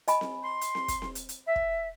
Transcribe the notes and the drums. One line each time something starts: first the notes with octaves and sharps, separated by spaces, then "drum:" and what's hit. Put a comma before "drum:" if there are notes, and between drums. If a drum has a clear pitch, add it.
D#5 G#5 B5, drum: hi-hat
drum: snare C4
C6
drum: hi-hat
drum: snare C4
drum: kick, hi-hat
drum: snare C4
drum: hi-hat
drum: hi-hat
E5
drum: kick